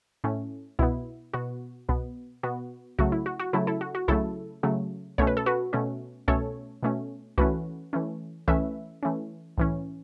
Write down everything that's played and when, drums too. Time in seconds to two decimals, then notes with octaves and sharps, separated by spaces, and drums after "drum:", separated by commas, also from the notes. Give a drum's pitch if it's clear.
0.24 A2 A3 C#4
0.79 B2 B3 E4, drum: kick C2
1.33 B2 B3 F#4
1.89 B2 B3, drum: kick C2
2.43 B2 B3 F#4
2.99 C#3 F#3 A3 F#4, drum: kick C2
3.12 E4
3.26 F#4
3.40 F#4
3.53 C#3 F#3 A3 E4 A4
3.67 E4 A4
3.81 F#4
3.95 F#4
4.08 C#3 F#3 A3 E4 A4, drum: kick C2
4.63 C#3 F#3 A3
5.18 B2 A3 C#4 C#5, drum: kick C2
5.27 B4
5.37 A4
5.46 F#4 B4
5.73 B2 A3 C#4
6.28 B2 A3 C#4 A4 C#5, drum: kick C2
6.83 B2 A3 C#4
7.38 E3 A3 C#4 F#4 B4, drum: kick C2
7.93 E3 A3 C#4
8.48 E3 A3 C#4 B4 E5, drum: kick C2
9.03 E3 A3 C#4
9.57 A2 E3 C#4, drum: kick C2